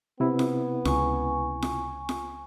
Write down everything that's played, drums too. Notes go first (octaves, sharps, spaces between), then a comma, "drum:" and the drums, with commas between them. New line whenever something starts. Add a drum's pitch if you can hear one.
C3 B3 E4
drum: snare F4
C#2 G#5 C#6, drum: snare F4
drum: snare F4
drum: snare F4